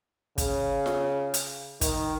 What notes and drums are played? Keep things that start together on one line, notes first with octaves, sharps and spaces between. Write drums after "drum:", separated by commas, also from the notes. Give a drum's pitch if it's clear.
C#3, drum: kick, hi-hat
drum: snare F4
drum: hi-hat
D#3, drum: kick, hi-hat